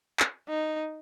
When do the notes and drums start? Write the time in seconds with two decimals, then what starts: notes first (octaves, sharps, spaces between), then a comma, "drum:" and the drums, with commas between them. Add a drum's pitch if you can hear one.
0.20 drum: clap
0.49 D#4